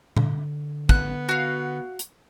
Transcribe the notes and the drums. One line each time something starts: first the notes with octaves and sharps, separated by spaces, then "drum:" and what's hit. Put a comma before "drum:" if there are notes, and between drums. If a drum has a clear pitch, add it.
D3, drum: tom A#2
B3 F#6, drum: kick
F#4 F5
drum: hi-hat